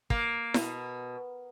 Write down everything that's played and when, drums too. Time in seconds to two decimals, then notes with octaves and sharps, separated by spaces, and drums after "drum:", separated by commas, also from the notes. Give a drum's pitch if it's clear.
0.10 A#3, drum: kick
0.54 B2, drum: snare E4